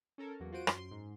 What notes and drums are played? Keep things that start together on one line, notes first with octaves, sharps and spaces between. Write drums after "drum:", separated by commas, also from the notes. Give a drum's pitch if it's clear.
C#4 A4 A#4
E2 F#3 A#3
F4 F#4 C5 D7 D#7
F#2 C6, drum: rim click
G#2